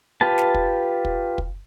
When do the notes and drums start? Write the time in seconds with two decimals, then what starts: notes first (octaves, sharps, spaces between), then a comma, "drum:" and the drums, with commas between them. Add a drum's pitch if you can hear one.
0.21 F4 G4 B4 A5
0.38 drum: snare
0.54 drum: kick
1.05 drum: kick
1.38 drum: kick